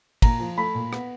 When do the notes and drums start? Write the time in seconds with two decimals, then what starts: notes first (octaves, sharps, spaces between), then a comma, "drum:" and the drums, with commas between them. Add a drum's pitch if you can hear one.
0.22 A#2 A#5, drum: kick, cymbal
0.40 F3
0.57 A3 B5
0.75 A#2
0.93 B3, drum: rim click